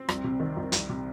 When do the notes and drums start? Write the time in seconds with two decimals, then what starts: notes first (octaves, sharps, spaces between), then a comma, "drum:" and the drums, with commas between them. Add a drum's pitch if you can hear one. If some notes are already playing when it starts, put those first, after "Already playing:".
Already playing: C4
0.09 C2, drum: rim click
0.24 C3
0.40 D#3
0.57 C2
0.72 C2, drum: hi-hat
0.89 C3